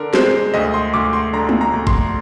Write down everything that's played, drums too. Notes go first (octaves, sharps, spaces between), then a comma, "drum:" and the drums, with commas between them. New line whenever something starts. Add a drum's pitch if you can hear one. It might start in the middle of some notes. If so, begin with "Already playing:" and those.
Already playing: D3 A#4
G#3 C5, drum: snare
D2 D#5
C6
D2 D6
C6
D3 A#5
drum: tom G3
A#5
D2
C6, drum: kick G#1